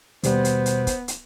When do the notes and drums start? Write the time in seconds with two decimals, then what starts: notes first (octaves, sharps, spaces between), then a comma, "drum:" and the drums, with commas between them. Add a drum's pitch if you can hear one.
0.23 D#2 B2 G3 B3 C5, drum: hi-hat
0.45 drum: hi-hat
0.66 drum: hi-hat
0.87 drum: kick, hi-hat
1.08 drum: hi-hat